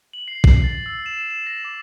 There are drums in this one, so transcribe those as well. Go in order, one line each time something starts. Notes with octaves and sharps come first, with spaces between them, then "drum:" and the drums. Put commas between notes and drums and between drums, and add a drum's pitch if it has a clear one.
F#7
C7
C7, drum: kick
A6
E6
E7
E7
A#6
D6